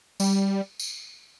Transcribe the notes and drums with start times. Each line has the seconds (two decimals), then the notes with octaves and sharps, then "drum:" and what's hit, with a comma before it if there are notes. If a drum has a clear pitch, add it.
0.20 G3, drum: tambourine
0.79 drum: tambourine